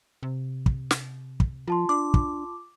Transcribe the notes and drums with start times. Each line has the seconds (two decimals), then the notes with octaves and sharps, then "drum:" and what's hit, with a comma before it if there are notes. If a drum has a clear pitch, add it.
0.23 C3
0.66 drum: kick
0.91 drum: snare
1.40 drum: kick
1.68 F3 F4 A5 C6
1.89 D4 D6
2.14 drum: kick